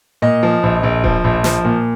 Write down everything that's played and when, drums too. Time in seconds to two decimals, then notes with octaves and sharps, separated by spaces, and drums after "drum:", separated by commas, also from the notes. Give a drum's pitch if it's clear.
0.22 A#2 D#5
0.43 F3
0.63 A#1
0.83 A#1
1.04 F3, drum: kick D#1
1.24 A#1
1.44 F3, drum: snare
1.65 A#2